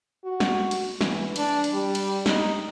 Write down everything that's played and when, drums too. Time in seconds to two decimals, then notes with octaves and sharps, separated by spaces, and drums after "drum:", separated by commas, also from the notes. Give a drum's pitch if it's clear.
0.24 F#4
0.40 drum: snare
0.71 drum: cymbal
1.01 E3, drum: snare
1.36 D4, drum: cymbal
1.64 drum: cymbal
1.73 G3
1.95 drum: cymbal
2.26 D#4, drum: snare